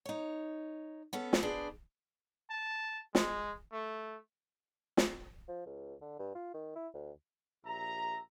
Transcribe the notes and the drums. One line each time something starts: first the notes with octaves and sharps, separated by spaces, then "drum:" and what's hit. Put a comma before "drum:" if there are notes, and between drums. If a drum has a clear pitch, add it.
D#4 C#5
B3 C#4 A4
drum: snare
D4 G#4 B4 C5
A5
G#3, drum: snare
A3
drum: snare
F3
C#2
D3
G2
F4
D#3
E4
D2
A#1 G4 E5 A#5